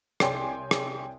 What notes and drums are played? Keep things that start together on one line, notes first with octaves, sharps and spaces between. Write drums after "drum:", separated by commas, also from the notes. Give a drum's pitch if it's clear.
C2 C#5 D5 G5 G#5 C6, drum: rim click
drum: rim click